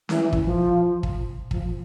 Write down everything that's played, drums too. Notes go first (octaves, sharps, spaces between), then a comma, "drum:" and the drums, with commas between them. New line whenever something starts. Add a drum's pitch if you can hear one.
E3, drum: snare C#4
drum: kick
F3
drum: kick
F3, drum: kick